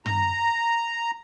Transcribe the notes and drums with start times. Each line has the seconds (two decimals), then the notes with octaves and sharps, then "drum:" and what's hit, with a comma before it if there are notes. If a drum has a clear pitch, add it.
0.06 A#5, drum: tom